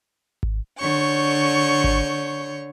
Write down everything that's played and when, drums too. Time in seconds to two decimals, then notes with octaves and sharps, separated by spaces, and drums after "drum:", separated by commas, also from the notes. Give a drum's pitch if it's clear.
0.43 drum: kick G#1
0.78 D3 C#5 C#6 G6
1.84 drum: kick G#1